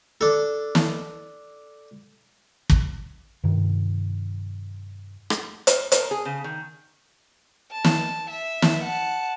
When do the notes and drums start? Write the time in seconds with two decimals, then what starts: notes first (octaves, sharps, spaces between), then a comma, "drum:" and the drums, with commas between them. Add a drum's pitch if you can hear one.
0.21 D4 A4
0.75 drum: snare
2.70 drum: kick
3.44 G2 C3 D#3
5.30 drum: rim click
5.67 drum: hi-hat
5.92 A#4, drum: hi-hat
6.11 G#4
6.25 C#3
6.44 D#3
7.71 A5
7.84 drum: snare
8.30 E5
8.62 drum: snare
8.83 F#5 A5